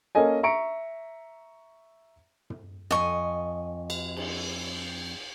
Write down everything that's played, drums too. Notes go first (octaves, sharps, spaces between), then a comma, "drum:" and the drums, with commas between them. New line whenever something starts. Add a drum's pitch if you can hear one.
A#3 C#4 A4 D#5 G#5
E5 A#5 C#6 C#7 D7
drum: tom
F2 D#5 G#5 C#6
drum: cymbal
drum: cymbal